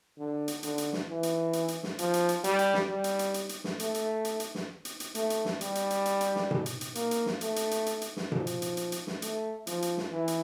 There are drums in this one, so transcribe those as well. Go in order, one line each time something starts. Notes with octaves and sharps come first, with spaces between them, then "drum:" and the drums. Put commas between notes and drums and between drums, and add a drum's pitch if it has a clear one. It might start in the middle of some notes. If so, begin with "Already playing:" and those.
D3
drum: hi-hat
D3, drum: hi-hat
drum: hi-hat
drum: snare
E3
drum: hi-hat
drum: hi-hat
drum: hi-hat
drum: snare
F3, drum: hi-hat
drum: hi-hat
drum: hi-hat
G3, drum: hi-hat
drum: hi-hat
drum: snare
G3
drum: hi-hat
drum: hi-hat
drum: hi-hat
drum: hi-hat
drum: snare
A3, drum: hi-hat
drum: hi-hat
drum: hi-hat
drum: hi-hat
drum: snare
drum: hi-hat
drum: hi-hat
A3, drum: hi-hat
drum: hi-hat
drum: snare
G3, drum: hi-hat
drum: hi-hat
drum: hi-hat
drum: hi-hat
drum: hi-hat
drum: snare
drum: tom B2
drum: hi-hat
drum: hi-hat
A#3, drum: hi-hat
drum: hi-hat
drum: snare
A3, drum: hi-hat
drum: hi-hat
drum: hi-hat
drum: hi-hat
drum: hi-hat
drum: snare
F3, drum: tom B2
drum: hi-hat
drum: hi-hat
drum: hi-hat
drum: hi-hat
drum: snare
A3, drum: hi-hat
F3, drum: hi-hat
drum: hi-hat
drum: snare
E3
drum: hi-hat